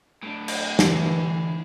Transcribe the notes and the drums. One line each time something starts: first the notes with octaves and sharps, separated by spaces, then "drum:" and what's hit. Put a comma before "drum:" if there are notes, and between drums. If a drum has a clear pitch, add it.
A2 D4
drum: cymbal
D2 E3, drum: snare